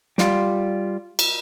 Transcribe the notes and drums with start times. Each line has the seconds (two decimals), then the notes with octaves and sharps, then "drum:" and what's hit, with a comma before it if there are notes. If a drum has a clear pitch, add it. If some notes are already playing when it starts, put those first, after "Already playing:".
0.18 G3 F4, drum: snare
1.19 drum: cymbal